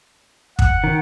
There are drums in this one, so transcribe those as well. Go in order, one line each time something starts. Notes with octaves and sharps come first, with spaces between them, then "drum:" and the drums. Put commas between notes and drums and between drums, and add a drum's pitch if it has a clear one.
F#5, drum: kick
D#3